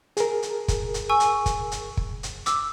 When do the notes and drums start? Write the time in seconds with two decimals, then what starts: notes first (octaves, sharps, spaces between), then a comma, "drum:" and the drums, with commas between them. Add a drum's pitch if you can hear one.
0.17 G#4 A#4, drum: hi-hat
0.43 drum: hi-hat
0.68 drum: kick, hi-hat
0.94 drum: hi-hat
1.09 G#5 C#6 E6
1.20 drum: hi-hat
1.46 drum: kick, hi-hat
1.72 drum: hi-hat
1.97 drum: kick
2.23 drum: hi-hat
2.46 D6 E6, drum: hi-hat